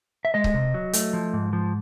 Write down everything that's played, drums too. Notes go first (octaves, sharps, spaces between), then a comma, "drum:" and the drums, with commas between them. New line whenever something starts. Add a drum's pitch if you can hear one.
E5
G#3 D#5
drum: kick C#1
C3
F#3
A3, drum: hi-hat
F3
G#2
F3